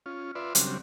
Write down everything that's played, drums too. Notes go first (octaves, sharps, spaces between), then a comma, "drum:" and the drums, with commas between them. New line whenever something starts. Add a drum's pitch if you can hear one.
C#4 F4
F4 B4 D5 E5 C6
C#3 F#3 G3 C4 D4, drum: hi-hat